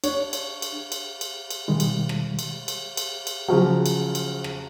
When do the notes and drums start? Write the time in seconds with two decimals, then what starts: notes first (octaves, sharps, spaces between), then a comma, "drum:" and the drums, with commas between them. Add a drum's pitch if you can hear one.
0.04 D4 C#5, drum: cymbal
0.33 drum: cymbal
0.62 drum: cymbal
0.92 drum: cymbal
1.21 drum: cymbal
1.50 drum: cymbal
1.68 B2 D#3 G3 G#3
1.80 drum: cymbal
2.09 drum: rim click
2.39 drum: cymbal
2.68 drum: cymbal
2.97 drum: cymbal
3.27 drum: cymbal
3.48 C#3 F3 F#3
3.86 drum: cymbal
4.15 drum: cymbal
4.44 drum: rim click